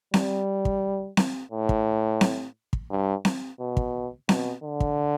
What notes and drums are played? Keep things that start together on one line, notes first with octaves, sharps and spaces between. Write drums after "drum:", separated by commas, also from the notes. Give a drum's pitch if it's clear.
G3, drum: snare C4
drum: kick
drum: snare C4
A2
drum: kick
drum: snare C4
drum: kick
G2
drum: snare C4
B2
drum: kick
B2, drum: snare C4
D3
drum: kick